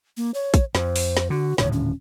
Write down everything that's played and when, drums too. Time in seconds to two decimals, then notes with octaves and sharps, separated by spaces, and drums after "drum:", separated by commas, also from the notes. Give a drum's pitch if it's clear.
0.17 A#3
0.34 C#5
0.54 drum: kick, hi-hat
0.75 F2 C5, drum: snare
0.96 drum: open hi-hat
1.17 drum: snare
1.30 D3 F#4
1.58 D#1 A2 D3 C#5, drum: snare
1.73 C#4